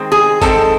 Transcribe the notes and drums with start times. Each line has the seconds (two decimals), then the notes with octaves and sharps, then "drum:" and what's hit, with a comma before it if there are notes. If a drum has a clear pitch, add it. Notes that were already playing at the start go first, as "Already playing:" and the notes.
Already playing: D#3 G#3 C4
0.12 G#4
0.42 D#3 G#3 C4 A4, drum: kick, tambourine